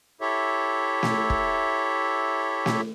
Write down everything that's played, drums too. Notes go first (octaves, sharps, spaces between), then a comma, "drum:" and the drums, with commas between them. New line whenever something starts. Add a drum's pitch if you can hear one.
E4 G4 A4 C#5 E5
drum: snare
drum: kick
drum: snare